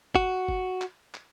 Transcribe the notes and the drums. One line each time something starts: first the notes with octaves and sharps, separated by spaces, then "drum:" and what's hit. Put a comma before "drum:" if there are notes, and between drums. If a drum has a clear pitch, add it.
F#4, drum: kick G1
drum: kick G1
drum: clap
drum: clap